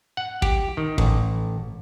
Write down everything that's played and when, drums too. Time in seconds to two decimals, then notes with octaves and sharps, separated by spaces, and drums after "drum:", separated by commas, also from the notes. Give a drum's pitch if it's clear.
0.17 F#5
0.42 G4, drum: kick
0.77 D#3
0.98 A1, drum: kick